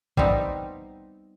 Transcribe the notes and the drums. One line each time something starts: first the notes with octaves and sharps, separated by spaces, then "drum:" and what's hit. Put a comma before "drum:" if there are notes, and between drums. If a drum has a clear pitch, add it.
G3 B3 C4 D#4, drum: kick A#1